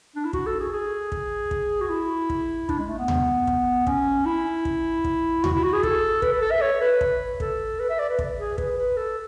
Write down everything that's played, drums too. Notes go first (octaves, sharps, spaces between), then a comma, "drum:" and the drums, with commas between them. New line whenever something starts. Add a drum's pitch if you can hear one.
D4
E4
F#4, drum: kick
A4
G#4
G#4
drum: kick
drum: kick
F#4
E4
drum: kick
D4, drum: kick
G#3
A3
B3
drum: tom D#2
drum: kick
C#4, drum: kick
E4
drum: kick
drum: kick
F#4, drum: tom D#2
E4
F#4
G#4
A4, drum: kick
B4, drum: kick
B4
A4
E5
C#5
B4
drum: kick
A4, drum: kick
B4
E5
D5
B4
drum: kick
G#4
B4, drum: kick
B4
A4